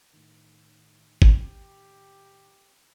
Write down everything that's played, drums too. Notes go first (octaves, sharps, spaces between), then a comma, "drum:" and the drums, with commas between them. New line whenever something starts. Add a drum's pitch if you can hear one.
A2 D#3
G4, drum: kick G#1